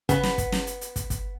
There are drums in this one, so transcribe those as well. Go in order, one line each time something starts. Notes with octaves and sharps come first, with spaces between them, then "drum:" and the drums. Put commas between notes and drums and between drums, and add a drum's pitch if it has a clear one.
C#3 B3, drum: kick, hi-hat
drum: snare
drum: kick, hi-hat
drum: snare
drum: hi-hat
drum: hi-hat
drum: kick, hi-hat
drum: kick, hi-hat